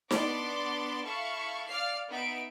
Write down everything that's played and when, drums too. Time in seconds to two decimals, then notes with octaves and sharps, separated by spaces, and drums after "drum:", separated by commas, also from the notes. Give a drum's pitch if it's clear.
0.11 B3 D4 D5 C6 D6, drum: snare D#4
1.05 E4 A4 E5 F5 C#6
1.67 D5 F5 F6 C7
2.08 B3 D#4 E5 D7